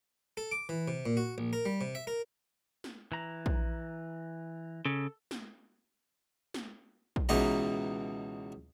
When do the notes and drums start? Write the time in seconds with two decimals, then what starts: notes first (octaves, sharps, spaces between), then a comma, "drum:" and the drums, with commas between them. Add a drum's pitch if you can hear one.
0.37 A4
0.52 D6
0.69 E3
0.88 C3
1.06 A#2
1.17 F#4
1.38 A#1
1.53 A#4
1.65 G3
1.81 C3
1.95 E5
2.07 A#4
2.84 drum: snare
3.12 E3 A#5
3.46 drum: kick A#1
4.86 C#3 A4
5.31 drum: snare
6.54 drum: snare
7.16 drum: kick A#1
7.29 C#2 B2 E3 D#4 A#5